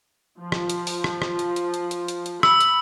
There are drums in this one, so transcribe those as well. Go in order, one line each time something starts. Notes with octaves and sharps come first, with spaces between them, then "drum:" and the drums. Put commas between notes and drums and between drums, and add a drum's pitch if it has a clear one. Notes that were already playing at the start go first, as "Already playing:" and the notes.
F3
drum: rim click
drum: hi-hat
drum: open hi-hat
drum: rim click
drum: rim click
drum: hi-hat
drum: hi-hat
drum: hi-hat
drum: hi-hat
drum: hi-hat
drum: hi-hat
B5 E6, drum: rim click
drum: hi-hat